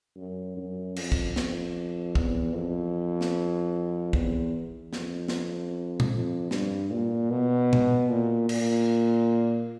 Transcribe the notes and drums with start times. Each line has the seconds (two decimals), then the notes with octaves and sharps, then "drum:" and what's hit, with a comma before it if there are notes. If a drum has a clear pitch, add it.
0.16 F#2
0.57 F#2
0.96 F2, drum: cymbal
1.12 drum: kick
1.36 F2, drum: snare
2.15 E2, drum: kick
2.54 F2
3.21 drum: snare
4.13 E2, drum: kick
4.93 F2, drum: snare
5.28 drum: snare
6.00 drum: tom
6.11 F2
6.51 G2, drum: snare
6.91 A#2
7.30 B2
7.73 drum: tom
8.09 A#2
8.49 A#2, drum: cymbal